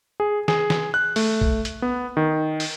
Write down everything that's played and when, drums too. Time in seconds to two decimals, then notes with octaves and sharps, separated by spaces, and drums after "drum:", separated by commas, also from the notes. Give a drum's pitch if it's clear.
0.20 G#4
0.48 G#4, drum: snare
0.70 drum: snare
0.94 F#6
1.16 A3, drum: open hi-hat
1.41 drum: kick B1
1.65 drum: hi-hat
1.82 B3
2.17 D#3
2.60 drum: open hi-hat